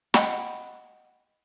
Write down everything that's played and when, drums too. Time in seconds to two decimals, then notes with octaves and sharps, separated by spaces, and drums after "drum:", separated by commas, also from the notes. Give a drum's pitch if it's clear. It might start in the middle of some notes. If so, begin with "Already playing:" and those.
0.14 D#5 F#5 G5 B5, drum: snare